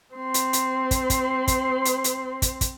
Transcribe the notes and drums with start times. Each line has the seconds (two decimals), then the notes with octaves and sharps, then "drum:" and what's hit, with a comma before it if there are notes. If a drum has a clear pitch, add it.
0.15 C4 C6
0.34 drum: hi-hat
0.53 drum: hi-hat
0.91 drum: kick, hi-hat
1.10 drum: kick, hi-hat
1.48 drum: kick, hi-hat
1.85 drum: hi-hat
2.04 drum: hi-hat
2.42 drum: kick, hi-hat
2.61 drum: kick, hi-hat